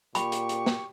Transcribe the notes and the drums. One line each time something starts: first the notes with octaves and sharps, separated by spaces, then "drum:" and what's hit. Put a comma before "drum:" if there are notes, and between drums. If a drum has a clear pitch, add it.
A#2 G4 B5 C#6, drum: hi-hat
drum: hi-hat
drum: hi-hat
drum: snare